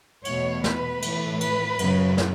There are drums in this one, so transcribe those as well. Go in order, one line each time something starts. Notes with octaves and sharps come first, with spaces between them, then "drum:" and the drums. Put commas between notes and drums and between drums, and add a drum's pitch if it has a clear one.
E2 B2 A3 C#5, drum: cymbal
B4, drum: snare
A2 E3 A3, drum: cymbal
B4, drum: cymbal
F#2 C#3 F#3, drum: cymbal
drum: snare